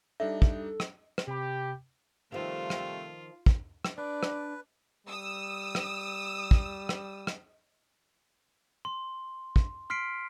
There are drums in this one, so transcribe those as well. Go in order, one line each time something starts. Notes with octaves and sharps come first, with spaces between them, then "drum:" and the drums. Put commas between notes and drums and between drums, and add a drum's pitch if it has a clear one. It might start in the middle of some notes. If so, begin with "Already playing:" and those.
G3 D4 D#4 A4 E5
drum: kick
drum: rim click
drum: rim click
C3 G4 B5
C3 D#3 F3 G3 A3 F4
drum: rim click
drum: kick
drum: rim click
D4 B4 D5
drum: rim click
G3 D#6 E6
drum: rim click
drum: kick
drum: rim click
drum: rim click
C6
drum: kick
C6 F6 B6 C7 D7